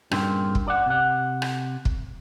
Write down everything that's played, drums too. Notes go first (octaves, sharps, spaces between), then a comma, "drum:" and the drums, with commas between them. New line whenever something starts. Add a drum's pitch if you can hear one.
G2 A#2 C#3 A#3 C4, drum: rim click
drum: kick
D5 F#5
C3 F#5
drum: rim click
drum: kick